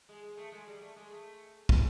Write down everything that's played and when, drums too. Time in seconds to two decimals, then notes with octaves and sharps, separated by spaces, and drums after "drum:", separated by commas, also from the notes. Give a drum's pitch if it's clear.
0.09 G#3
0.23 G#3
0.37 A3
0.52 G#3
0.67 G3
0.81 A3
0.96 G#3
1.11 A3
1.69 G#3, drum: kick